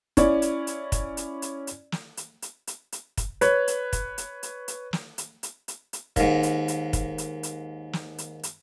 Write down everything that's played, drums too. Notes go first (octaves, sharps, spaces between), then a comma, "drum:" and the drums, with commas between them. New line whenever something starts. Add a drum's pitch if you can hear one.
C#4 E4 D5, drum: kick, hi-hat
drum: hi-hat
drum: hi-hat
drum: kick, hi-hat
drum: hi-hat
drum: hi-hat
drum: hi-hat
drum: snare
drum: hi-hat
drum: hi-hat
drum: hi-hat
drum: hi-hat
drum: kick, hi-hat
B4 C#5, drum: hi-hat
drum: hi-hat
drum: kick, hi-hat
drum: hi-hat
drum: hi-hat
drum: hi-hat
drum: snare
drum: hi-hat
drum: hi-hat
drum: hi-hat
drum: hi-hat
D#2 G#2, drum: kick, hi-hat
drum: hi-hat
drum: hi-hat
drum: kick, hi-hat
drum: hi-hat
drum: hi-hat
drum: snare
drum: hi-hat
drum: hi-hat